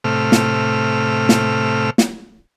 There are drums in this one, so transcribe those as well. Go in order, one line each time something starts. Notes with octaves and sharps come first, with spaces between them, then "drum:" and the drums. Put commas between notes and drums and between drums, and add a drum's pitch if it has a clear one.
A2 C3 A3 F6
drum: snare
drum: snare
drum: snare